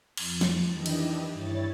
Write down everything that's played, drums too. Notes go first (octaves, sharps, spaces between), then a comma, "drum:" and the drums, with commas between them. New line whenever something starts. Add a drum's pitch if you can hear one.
F2 A6, drum: cymbal
drum: snare
D#3 E3 D4 E4 G4 D#5
drum: cymbal
G2 G3 E4 C#5 A6